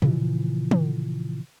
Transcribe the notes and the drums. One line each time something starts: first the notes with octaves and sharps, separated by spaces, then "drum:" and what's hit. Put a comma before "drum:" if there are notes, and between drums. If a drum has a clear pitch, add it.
A#2 C#3 E3 F3, drum: tom
drum: tom